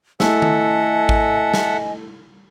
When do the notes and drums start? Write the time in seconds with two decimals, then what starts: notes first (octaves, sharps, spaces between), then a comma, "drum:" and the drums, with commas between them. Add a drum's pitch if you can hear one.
0.20 A3 E4 A4 D#5 E5 F#5 G#5, drum: snare
0.42 drum: tom D#3
1.09 drum: kick A1
1.54 drum: snare